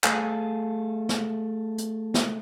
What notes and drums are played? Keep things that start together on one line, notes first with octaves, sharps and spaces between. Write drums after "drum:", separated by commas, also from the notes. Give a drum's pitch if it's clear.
A3 G#4 A4 F5 G#5, drum: clap
drum: snare
drum: hi-hat
drum: snare